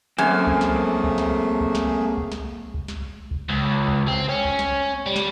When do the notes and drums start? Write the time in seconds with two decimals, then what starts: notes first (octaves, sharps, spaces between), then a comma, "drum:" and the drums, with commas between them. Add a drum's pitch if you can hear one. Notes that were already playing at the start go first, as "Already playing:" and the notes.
0.18 F#2 A3 A#3 C4 G#4 G#5
0.47 drum: kick C#2
0.61 drum: snare
1.04 drum: kick C#2
1.18 drum: snare
1.61 drum: kick C#2
1.75 drum: snare
2.17 drum: kick C#2
2.32 drum: snare
2.74 drum: kick C#2
2.88 drum: snare
3.31 drum: kick C#2
3.49 C#2
3.88 drum: kick C#2
4.08 C4
4.29 C#4
4.45 drum: kick C#2
4.59 drum: snare
5.06 G3
5.16 drum: snare